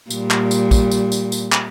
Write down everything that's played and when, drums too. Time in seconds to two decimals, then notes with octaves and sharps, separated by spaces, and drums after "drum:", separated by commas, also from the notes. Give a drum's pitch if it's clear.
0.10 A#2 G3, drum: tambourine
0.31 drum: clap
0.51 drum: tambourine
0.71 drum: kick, tambourine
0.91 drum: tambourine
1.12 drum: tambourine
1.32 drum: tambourine
1.52 drum: clap